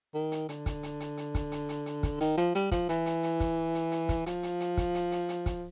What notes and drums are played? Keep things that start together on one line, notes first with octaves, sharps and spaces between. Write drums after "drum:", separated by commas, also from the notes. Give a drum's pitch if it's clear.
D#3
drum: hi-hat
D3, drum: hi-hat
drum: kick, hi-hat
drum: hi-hat
drum: hi-hat
drum: hi-hat
drum: kick, hi-hat
drum: hi-hat
drum: hi-hat
drum: hi-hat
drum: kick, hi-hat
D#3, drum: hi-hat
F3, drum: hi-hat
G3, drum: hi-hat
F3, drum: kick, hi-hat
E3, drum: hi-hat
drum: hi-hat
drum: hi-hat
drum: kick, hi-hat
drum: hi-hat
drum: hi-hat
drum: kick, hi-hat
F3, drum: hi-hat
drum: hi-hat
drum: hi-hat
drum: kick, hi-hat
drum: hi-hat
drum: hi-hat
drum: hi-hat
drum: kick, hi-hat